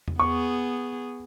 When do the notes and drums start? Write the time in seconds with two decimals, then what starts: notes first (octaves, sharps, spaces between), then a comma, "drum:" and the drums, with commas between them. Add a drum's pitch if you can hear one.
0.08 drum: tom E2
0.20 B3 G#4 C#6